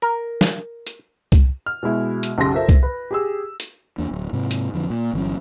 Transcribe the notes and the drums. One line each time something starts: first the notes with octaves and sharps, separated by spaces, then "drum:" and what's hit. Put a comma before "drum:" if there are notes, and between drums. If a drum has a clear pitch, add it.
A#4
drum: snare
drum: hi-hat
drum: kick C2, hi-hat
F6
B2 G#3 E4 F#4
drum: hi-hat
B1 F#2 C#3 G4 C6 A#6
F4 A4 A#4 C5 E5
drum: kick C2, hi-hat
B4
G4 G#4 E6
drum: hi-hat
E2 A#3 D4
D1
G#2 C3
drum: hi-hat
F2 D3 F3
A#2
G1 E3 F#3 C#4